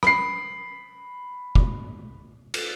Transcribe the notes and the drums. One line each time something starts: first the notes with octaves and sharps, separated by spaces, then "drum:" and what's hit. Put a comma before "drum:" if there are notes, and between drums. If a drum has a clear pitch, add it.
B5 C7, drum: rim click
drum: kick
drum: cymbal